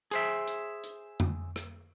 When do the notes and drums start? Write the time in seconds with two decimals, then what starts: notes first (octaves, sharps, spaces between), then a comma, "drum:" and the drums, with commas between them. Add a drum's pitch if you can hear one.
0.11 G#4 C5 E5, drum: hi-hat
0.48 drum: hi-hat
0.84 drum: hi-hat
1.20 drum: tom F2
1.56 drum: rim click